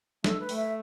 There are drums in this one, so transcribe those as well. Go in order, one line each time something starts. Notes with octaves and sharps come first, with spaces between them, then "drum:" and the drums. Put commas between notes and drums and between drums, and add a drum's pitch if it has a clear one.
A3 A4, drum: snare
B4
A3, drum: open hi-hat
E5